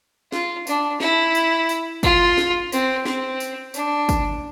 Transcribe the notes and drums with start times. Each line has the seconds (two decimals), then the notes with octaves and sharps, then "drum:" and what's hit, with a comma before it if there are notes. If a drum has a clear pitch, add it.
0.32 F4, drum: snare
0.67 D4, drum: tambourine
1.00 E4, drum: snare
1.35 drum: tambourine
1.69 drum: tambourine
2.03 F4, drum: kick, tambourine
2.38 drum: snare
2.72 C4, drum: tambourine
3.05 C4, drum: snare
3.40 drum: tambourine
3.74 D4, drum: tambourine
4.09 drum: kick, tambourine